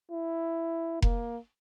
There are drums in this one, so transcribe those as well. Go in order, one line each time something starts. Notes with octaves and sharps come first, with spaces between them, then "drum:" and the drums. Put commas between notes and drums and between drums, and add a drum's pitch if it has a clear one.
E4
A#3, drum: kick F1